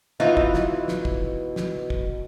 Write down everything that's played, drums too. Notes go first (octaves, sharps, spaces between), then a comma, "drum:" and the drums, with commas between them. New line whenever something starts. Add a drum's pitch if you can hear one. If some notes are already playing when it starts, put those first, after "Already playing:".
B2 E3 D#4 F4 F#4 D#5 E5
drum: kick
drum: snare
drum: snare
drum: kick
drum: snare
drum: kick